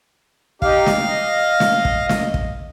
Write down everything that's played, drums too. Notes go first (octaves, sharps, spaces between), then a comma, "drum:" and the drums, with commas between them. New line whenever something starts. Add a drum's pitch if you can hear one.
D#4 G4 F5, drum: kick
drum: snare
D#5
drum: snare
drum: kick
drum: snare
drum: kick